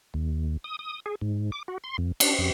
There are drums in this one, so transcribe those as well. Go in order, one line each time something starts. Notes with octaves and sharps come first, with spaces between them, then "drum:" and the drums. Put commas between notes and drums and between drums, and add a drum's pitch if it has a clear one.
D#2
D#6
D#6
G#4
G#2
D6
F#4
C6
F2
D4, drum: cymbal
F2